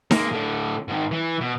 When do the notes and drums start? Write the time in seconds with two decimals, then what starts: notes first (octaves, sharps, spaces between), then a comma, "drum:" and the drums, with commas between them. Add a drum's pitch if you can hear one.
0.11 G#3 A#3, drum: snare D#4
0.32 A2 D3
0.88 G#2 D#3
1.11 E3
1.41 B2